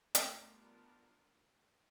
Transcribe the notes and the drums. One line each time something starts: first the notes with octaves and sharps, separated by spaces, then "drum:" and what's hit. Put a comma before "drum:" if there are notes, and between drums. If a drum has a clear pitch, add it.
G3 A3 B3 D4 F4 A#4, drum: hi-hat